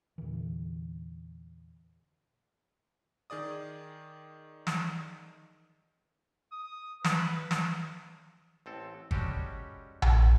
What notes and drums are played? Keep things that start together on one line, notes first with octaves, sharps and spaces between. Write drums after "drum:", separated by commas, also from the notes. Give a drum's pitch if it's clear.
E2 A#2 D3 E3
D#3 G#4 D5 D#6
drum: snare
D#6
B4, drum: snare
drum: snare
A1 C4 A4
G3 G#3 C#4 F#4 G4 A4, drum: kick
drum: tom A#1